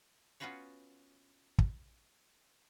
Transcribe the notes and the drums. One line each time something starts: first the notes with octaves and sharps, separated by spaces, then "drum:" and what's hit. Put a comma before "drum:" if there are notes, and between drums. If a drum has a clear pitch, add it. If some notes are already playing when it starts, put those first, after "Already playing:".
B3 C#4 F4 F#4 B4 C#5
drum: kick